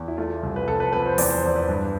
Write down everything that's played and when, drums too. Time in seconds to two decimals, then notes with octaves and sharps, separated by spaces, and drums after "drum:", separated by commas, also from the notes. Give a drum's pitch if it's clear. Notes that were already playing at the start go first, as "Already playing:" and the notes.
Already playing: E2
0.08 E4
0.17 A3 F4
0.43 C2
0.56 B4
0.68 F2 A4
0.80 B4
0.93 F2 B4
1.06 C5
1.18 E2 D5, drum: open hi-hat
1.31 C5
1.43 E2 C5
1.56 B4
1.68 G2